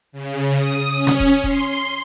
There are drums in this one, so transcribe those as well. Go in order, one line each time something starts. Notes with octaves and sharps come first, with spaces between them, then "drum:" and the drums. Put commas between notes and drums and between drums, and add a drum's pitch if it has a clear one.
C#3
D#6
C#4
drum: snare
drum: kick E1
C6, drum: kick E1